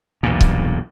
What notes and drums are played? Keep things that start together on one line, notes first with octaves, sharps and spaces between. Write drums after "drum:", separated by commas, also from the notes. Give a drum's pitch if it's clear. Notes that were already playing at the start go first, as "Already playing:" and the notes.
B1 E2 G2 A#2
drum: kick C#1